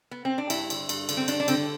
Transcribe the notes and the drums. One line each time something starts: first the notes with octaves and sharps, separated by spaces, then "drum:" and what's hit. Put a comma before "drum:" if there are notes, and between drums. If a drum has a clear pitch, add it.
B3
C4
D4
G2 E4, drum: cymbal
D3, drum: cymbal
G2, drum: cymbal
D3, drum: cymbal
C4
G2 D4, drum: cymbal
D4
D3 C4, drum: cymbal